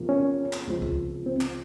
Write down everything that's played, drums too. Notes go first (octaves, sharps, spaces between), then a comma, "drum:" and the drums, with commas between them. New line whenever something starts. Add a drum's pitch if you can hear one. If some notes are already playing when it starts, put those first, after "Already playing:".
Already playing: E2 C3 F3 A#3
C#4
drum: clap
C#2 C3 F3
drum: kick C2
C4
drum: clap